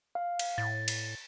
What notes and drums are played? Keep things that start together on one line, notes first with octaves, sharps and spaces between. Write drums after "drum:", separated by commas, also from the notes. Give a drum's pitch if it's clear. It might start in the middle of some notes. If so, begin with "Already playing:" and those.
F5
drum: cymbal
A2 A6
drum: cymbal